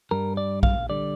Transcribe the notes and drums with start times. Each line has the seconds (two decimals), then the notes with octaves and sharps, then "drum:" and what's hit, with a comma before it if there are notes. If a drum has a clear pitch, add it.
0.11 G2 G3 A#4
0.37 D5
0.63 F5, drum: kick A#1
0.89 D3 G3 D5